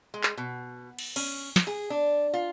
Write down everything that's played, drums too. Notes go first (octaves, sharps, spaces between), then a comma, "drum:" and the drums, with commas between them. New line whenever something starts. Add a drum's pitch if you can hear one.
G#3
drum: clap
B2
drum: cymbal
C#4, drum: cymbal
drum: snare
G#4
D4
F4